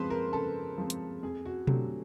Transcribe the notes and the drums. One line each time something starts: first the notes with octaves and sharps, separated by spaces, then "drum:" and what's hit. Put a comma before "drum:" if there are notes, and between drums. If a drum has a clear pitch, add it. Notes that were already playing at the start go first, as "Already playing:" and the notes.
Already playing: C#3 F3 G#3 C4 B4 C5
A#4
C#3 A4
F3 G#3 C4
drum: hi-hat
F2 G#4
F#4
D3 F#3 A3 C4 G4, drum: tom B2